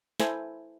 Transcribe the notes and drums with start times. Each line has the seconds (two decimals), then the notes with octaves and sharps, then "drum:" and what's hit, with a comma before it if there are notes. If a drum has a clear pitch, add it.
0.20 E4 A4 C5 G#5, drum: snare